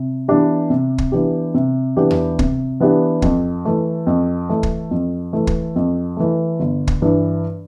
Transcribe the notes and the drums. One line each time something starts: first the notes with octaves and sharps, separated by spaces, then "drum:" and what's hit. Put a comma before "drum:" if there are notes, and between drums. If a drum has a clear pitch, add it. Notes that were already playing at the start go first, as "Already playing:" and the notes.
Already playing: C3
E3 B3 D4 G4
C3
drum: kick
E3 B3 D4 G4
C3
E3 B3 D4 G4
drum: tom E2
C3, drum: kick
E3 B3 D4 G4
F2, drum: kick
E3 A3
F2
E3 A3
drum: kick
F2
E3 A3
drum: kick
F2
E3 A3
G1
drum: kick
G2 E3